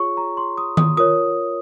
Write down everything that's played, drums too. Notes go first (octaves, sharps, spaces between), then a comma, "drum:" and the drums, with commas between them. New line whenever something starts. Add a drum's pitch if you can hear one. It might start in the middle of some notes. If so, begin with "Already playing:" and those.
Already playing: F4 G#4 C#5 C#6
A#5
C6
D#6
D#6, drum: tom D#3
F4 A#4 C#5 D#6